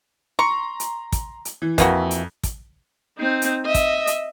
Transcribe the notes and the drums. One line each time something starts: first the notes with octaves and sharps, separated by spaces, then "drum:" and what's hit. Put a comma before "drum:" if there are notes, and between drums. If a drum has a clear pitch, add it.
A#5 C6 C#6
drum: hi-hat
drum: kick, hi-hat
drum: hi-hat
E3
F2 E3 A#3 F#4, drum: kick, hi-hat
drum: hi-hat
drum: kick, hi-hat
C4 D#4
drum: hi-hat
D#5 E5
drum: kick, hi-hat
drum: hi-hat